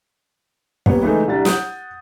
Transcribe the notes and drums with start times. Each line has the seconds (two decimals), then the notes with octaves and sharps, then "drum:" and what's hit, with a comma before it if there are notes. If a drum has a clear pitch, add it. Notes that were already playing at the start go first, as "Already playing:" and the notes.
0.86 G3 A#3 B3 C#5, drum: kick
1.01 C#3 E3 G#3 A3 D#4
1.28 C2 G3 D4 A6
1.45 F#5 D#6 G6, drum: snare